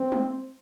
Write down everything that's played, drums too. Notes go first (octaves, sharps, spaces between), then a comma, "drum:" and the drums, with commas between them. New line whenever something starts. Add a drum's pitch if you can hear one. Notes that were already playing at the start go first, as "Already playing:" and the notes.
Already playing: C4
drum: tom